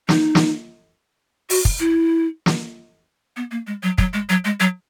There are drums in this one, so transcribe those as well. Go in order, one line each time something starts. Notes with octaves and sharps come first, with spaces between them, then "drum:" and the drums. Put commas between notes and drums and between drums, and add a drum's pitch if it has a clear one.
D#4, drum: snare
drum: snare
F#4, drum: open hi-hat
drum: kick
E4
drum: snare
B3
A#3
G#3
F#3
F#3, drum: kick
G#3
F#3
G#3
F#3